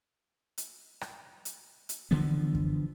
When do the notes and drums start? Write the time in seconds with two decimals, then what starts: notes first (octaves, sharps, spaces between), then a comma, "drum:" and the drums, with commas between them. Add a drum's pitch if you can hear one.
0.58 drum: hi-hat
1.01 drum: rim click
1.45 drum: hi-hat
1.89 drum: hi-hat
2.11 D3 E3 F3 B3
2.55 drum: kick F#2